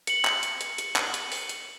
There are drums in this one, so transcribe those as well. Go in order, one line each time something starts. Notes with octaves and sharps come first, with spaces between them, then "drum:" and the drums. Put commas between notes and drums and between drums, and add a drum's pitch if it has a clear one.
C#7 F#7, drum: hi-hat
drum: clap
drum: hi-hat
drum: hi-hat
drum: hi-hat
drum: clap
drum: hi-hat
drum: open hi-hat
drum: hi-hat